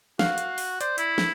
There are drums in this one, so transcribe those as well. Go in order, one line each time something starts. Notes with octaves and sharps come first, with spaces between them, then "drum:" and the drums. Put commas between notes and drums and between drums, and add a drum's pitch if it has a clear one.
F#4 F5, drum: snare
drum: hi-hat
drum: open hi-hat
C5 D5, drum: hi-hat
E4, drum: hi-hat
drum: snare